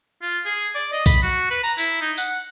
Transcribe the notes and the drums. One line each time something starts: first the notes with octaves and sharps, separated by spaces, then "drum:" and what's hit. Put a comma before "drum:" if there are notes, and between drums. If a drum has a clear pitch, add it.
F4
G#4
D5
D#5
B5, drum: kick B1, tambourine
F#4
B4
A#5
E4, drum: tambourine
D#4
F#5, drum: tambourine